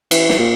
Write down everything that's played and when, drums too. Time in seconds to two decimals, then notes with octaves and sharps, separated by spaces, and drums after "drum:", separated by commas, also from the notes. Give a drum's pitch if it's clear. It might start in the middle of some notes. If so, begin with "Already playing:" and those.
0.11 E3, drum: cymbal
0.29 drum: snare
0.39 A#2